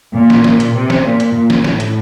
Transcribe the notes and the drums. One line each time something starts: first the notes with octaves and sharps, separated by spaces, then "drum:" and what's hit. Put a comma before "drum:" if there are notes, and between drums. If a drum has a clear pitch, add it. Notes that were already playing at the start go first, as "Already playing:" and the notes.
A#2
drum: snare
A#2, drum: snare
drum: hi-hat
C3
drum: snare
A#2
drum: hi-hat
A#2
drum: snare
A2, drum: snare
drum: hi-hat